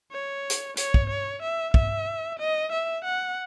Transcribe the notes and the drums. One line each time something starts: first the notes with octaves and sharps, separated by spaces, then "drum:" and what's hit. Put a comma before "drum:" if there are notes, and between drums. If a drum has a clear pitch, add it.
C#5
drum: hi-hat
C#5, drum: hi-hat
drum: kick
C#5
E5
E5, drum: kick
D#5
E5
F#5